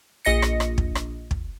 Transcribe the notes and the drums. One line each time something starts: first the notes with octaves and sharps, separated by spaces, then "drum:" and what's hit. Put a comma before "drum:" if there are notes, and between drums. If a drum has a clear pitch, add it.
A#1 D#5 A#6 C#7
drum: rim click
drum: rim click
drum: kick
drum: rim click
drum: kick